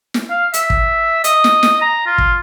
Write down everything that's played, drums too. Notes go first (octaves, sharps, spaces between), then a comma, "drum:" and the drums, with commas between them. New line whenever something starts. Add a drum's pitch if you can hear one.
drum: snare
F5
E5, drum: hi-hat
drum: kick
D#5, drum: hi-hat
drum: snare
drum: snare
A#5
F4
drum: kick